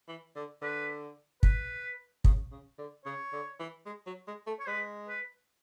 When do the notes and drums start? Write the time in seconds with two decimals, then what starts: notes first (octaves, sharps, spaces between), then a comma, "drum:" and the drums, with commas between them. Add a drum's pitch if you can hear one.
0.08 E3
0.36 D3
0.62 D3 B4
1.43 B4, drum: kick
2.24 C#3, drum: kick
2.52 C#3
2.78 D3
3.05 C#3 C#5
3.33 D3
3.60 E3
3.86 G#3
4.06 F#3
4.27 G#3
4.47 A3
4.60 C#5
4.67 G#3 B4
5.08 B4